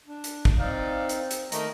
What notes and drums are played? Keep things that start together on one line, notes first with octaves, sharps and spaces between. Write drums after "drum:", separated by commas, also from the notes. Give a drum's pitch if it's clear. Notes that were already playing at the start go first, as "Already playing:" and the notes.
D4
drum: hi-hat
drum: kick
C4 D#4 D5 F5
drum: hi-hat
drum: hi-hat
D#3 A3 A#3 D#5 A#5, drum: hi-hat